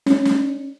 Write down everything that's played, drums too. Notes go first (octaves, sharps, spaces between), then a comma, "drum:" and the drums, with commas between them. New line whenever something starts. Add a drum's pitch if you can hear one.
C#4, drum: snare
drum: snare